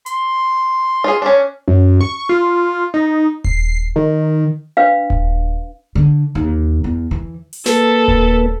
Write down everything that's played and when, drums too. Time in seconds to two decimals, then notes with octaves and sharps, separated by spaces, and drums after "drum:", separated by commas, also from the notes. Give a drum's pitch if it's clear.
0.06 C6, drum: hi-hat
1.04 F4 G#4
1.22 C#4 D4
1.68 F#2
2.01 C#6
2.29 F4
2.94 D#4
3.44 C7, drum: kick D#1
3.96 D#3
4.77 D4 B4 F5
5.10 drum: kick D#1
5.95 D3
6.35 D#2
6.84 E2
7.11 E3
7.53 drum: open hi-hat
7.66 A#3 A4 B4, drum: snare
8.08 drum: kick D#1